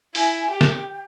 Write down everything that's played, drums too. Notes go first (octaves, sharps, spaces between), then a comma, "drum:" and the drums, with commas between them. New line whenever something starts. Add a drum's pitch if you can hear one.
E4 G#5, drum: open hi-hat
G#5
G4 G5
drum: snare